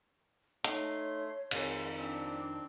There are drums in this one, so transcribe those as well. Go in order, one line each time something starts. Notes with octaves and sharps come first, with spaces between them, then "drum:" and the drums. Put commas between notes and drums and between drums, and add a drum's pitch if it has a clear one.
A3 D#4 C#5 C6, drum: hi-hat
F2 D#3 F3 G#3 F#6, drum: cymbal
C4 D4